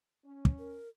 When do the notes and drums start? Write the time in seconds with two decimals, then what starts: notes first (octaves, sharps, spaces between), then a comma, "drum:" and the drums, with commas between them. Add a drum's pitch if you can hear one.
0.25 C#4
0.45 drum: kick
0.59 A#4